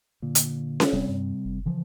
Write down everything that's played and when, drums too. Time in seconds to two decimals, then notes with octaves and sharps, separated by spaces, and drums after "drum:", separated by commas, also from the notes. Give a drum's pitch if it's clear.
0.22 A#2 D3
0.35 drum: hi-hat
0.80 drum: snare C#4
0.93 D#1 C3 G3 C4
1.09 G2
1.45 F#1
1.66 C#3 E3 F3